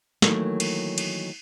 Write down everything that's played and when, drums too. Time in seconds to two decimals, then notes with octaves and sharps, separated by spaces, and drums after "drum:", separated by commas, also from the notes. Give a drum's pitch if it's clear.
0.22 D#3 E3 F#3 A3 A#3, drum: snare
0.60 drum: cymbal
0.98 drum: cymbal